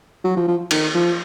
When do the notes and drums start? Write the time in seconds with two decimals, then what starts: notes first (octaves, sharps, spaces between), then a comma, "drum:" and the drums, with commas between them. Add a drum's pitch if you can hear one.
0.24 F#3
0.36 F3
0.48 F3
0.71 D#3, drum: cymbal
0.95 F3